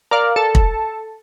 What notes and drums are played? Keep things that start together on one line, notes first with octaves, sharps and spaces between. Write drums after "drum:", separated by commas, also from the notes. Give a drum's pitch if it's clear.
A#4 D5 F5
A4
drum: kick